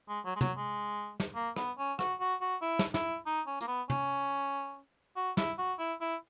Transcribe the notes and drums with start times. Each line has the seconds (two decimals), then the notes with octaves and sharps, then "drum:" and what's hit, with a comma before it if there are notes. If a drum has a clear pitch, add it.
0.09 G#3
0.25 F#3
0.36 G#3
0.41 F#3, drum: tom
0.57 G#3
1.20 drum: snare
1.35 A#3
1.56 B3, drum: rim click
1.78 C#4
1.99 F#4, drum: rim click
2.20 F#4
2.41 F#4
2.62 E4
2.79 drum: snare
2.94 E4, drum: snare
3.26 D#4
3.47 C#4
3.61 A#3, drum: hi-hat
3.67 B3
3.90 C#4, drum: tom
5.16 F#4
5.37 E4, drum: snare
5.59 F#4
5.79 E4
6.01 E4